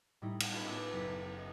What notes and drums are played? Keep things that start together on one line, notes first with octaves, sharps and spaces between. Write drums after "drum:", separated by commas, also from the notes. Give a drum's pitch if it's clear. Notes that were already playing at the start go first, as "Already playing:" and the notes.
A2 G3 D#4 E4
drum: cymbal
C#4 F4 G#4 A4 B4 D#5
B3 D6 E6
F#1 A4 B6
A6
D#5